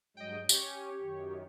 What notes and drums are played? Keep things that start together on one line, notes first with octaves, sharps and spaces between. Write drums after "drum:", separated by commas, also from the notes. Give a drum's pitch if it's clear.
G2 F#3 G#3 D#5 G5
C#4 G4 C#5, drum: tambourine
F#2 D#3